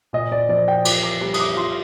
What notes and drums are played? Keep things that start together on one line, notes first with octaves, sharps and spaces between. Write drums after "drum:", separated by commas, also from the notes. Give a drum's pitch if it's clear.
A#2 D#5
D5
F3 D5
G5
F4 D6, drum: cymbal
D6
G3 D6
D#6, drum: cymbal
D6
F4 C6